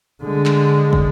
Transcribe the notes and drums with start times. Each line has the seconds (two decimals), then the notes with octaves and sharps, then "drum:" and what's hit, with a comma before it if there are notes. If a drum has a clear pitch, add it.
0.22 D3 G#3
0.46 drum: clap
0.93 drum: kick